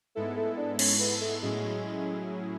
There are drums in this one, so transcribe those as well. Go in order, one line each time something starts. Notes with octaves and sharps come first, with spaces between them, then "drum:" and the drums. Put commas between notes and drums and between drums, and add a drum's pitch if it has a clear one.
G#2 G#3 A3 B3 E4 A4
A3
D4
C#4, drum: cymbal
B3
A3
A2 F#3 G#3 C#4 E4 G#4